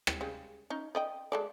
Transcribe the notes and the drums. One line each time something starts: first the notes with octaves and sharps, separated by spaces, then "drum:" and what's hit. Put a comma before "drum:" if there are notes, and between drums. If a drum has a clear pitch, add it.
drum: rim click
C#3 G3 G#3
C#4 D#4
D5 D#5 G5
G#3 A4 D5